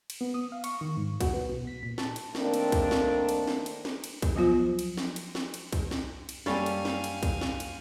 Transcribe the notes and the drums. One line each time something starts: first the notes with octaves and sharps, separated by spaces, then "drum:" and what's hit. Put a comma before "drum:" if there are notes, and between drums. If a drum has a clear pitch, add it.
drum: cymbal
B3
D#6
F5
C#6, drum: cymbal
D#3
G#2
F#4, drum: kick, cymbal
B3
B2
B6
A#2
A5, drum: snare
drum: cymbal
D#3 A3 A#3 C4 D4, drum: snare
drum: cymbal
drum: kick, cymbal
drum: snare
drum: cymbal
drum: snare
drum: cymbal
drum: snare
drum: cymbal
drum: kick, cymbal
F3 F#3 B3 F4 C5
drum: cymbal
drum: snare
drum: cymbal
drum: snare
drum: cymbal
drum: kick, cymbal
drum: snare
drum: cymbal
F#2 G3 A#3 C#4 A4 F5 G#5 G6, drum: snare
drum: cymbal
drum: snare
drum: cymbal
drum: kick, cymbal
drum: snare
drum: cymbal